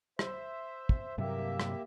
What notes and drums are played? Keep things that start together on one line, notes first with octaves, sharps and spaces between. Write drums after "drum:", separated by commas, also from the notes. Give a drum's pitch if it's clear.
C5 E5, drum: rim click
drum: kick
G2 C3 F#3 A#3 G4 E5
drum: rim click